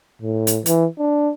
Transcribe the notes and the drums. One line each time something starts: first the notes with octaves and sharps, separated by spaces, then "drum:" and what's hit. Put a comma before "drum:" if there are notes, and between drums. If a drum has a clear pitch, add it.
A2
drum: hi-hat
E3, drum: hi-hat
D4